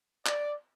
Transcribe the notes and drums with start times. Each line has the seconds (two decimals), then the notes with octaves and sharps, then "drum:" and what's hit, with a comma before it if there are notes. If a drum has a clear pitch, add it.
0.26 D5, drum: clap